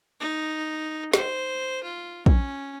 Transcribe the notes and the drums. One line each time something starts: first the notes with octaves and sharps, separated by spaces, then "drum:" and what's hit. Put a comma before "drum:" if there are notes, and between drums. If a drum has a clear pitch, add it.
D#4
C5, drum: snare
F4
C#4, drum: kick